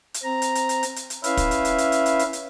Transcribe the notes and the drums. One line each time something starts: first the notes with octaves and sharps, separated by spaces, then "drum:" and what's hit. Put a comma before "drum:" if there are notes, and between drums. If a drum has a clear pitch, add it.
drum: hi-hat
C4 A#5
drum: hi-hat
drum: hi-hat
drum: hi-hat
drum: hi-hat
drum: hi-hat
drum: hi-hat
C#4 E4 B4 E5 F5, drum: hi-hat
drum: kick, hi-hat
drum: hi-hat
drum: hi-hat
drum: hi-hat
drum: hi-hat
drum: hi-hat
drum: hi-hat
drum: hi-hat